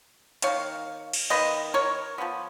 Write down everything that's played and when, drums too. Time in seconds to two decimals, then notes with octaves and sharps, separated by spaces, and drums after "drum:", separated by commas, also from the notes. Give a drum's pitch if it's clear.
0.42 D#3 A#3 C#5 F5, drum: hi-hat
1.13 drum: cymbal
1.30 D#3 A#3 B4 D#5
1.74 A#4 C#5
2.18 F3 G#3 B3